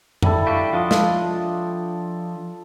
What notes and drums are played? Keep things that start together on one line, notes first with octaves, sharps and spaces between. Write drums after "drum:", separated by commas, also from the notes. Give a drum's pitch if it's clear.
G3 E4 A4, drum: tom F2
D4 F#4 G4 F5
F3 D4 F4 D#5
drum: snare